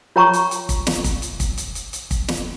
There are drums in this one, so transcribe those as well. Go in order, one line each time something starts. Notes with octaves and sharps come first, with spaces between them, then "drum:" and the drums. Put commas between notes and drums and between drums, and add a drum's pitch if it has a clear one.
F4 C#5 G5 A#5 B5 C#6
drum: hi-hat
drum: hi-hat
drum: kick, hi-hat
drum: snare
drum: kick, hi-hat
drum: hi-hat
drum: kick, hi-hat
drum: hi-hat
drum: hi-hat
drum: hi-hat
drum: kick, hi-hat
drum: snare